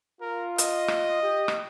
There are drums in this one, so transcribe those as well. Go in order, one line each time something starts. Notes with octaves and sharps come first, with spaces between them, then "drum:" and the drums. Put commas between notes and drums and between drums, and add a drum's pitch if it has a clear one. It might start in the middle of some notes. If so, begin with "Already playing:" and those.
F4 A#4
D#5, drum: hi-hat
drum: rim click
G4
drum: rim click